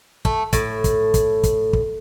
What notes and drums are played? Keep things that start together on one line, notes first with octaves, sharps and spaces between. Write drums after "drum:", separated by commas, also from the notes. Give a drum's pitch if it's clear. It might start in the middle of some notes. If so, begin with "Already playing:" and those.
A3, drum: kick
A2, drum: kick, hi-hat
drum: kick, hi-hat
drum: kick, hi-hat
drum: kick, hi-hat
drum: kick